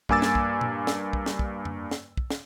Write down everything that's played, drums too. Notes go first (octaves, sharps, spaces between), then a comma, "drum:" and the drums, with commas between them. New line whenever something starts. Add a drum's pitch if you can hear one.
G2 A#3 G#5 D6 E6 A6, drum: kick
drum: snare
drum: kick
drum: tom A#2
drum: snare
drum: kick
drum: snare
drum: kick
drum: tom F2
drum: snare
drum: kick
drum: snare